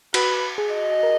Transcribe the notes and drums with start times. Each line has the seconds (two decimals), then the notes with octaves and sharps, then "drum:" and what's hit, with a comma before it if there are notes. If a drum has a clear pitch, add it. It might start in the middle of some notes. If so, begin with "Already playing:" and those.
0.14 F#4 B4, drum: cymbal
0.58 G#4
0.74 D#5
1.03 A#4